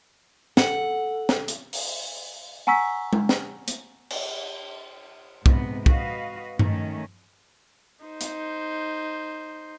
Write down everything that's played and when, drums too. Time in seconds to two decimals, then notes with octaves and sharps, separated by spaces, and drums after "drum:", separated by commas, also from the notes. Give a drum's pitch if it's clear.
0.57 A4 F#5, drum: snare
1.29 drum: snare
1.48 drum: hi-hat
1.73 drum: open hi-hat
2.67 F#5 G#5 A#5 C#6 E6 B6
3.13 drum: tom G#3
3.29 drum: snare
3.68 drum: hi-hat
4.10 drum: cymbal
5.46 G#2 C3 B3, drum: kick
5.86 F#4 B4 D#5 F5, drum: kick
6.59 D#3 A3 C#4, drum: tom G2
8.05 D#4 C5
8.21 drum: hi-hat